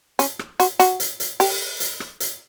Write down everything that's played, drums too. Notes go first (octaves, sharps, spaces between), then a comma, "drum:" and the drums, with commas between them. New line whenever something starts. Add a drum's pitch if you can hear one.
C#4, drum: hi-hat
drum: rim click
F#4, drum: hi-hat
F#4, drum: hi-hat
drum: hi-hat
drum: hi-hat
G4, drum: open hi-hat
drum: hi-hat
drum: rim click
drum: hi-hat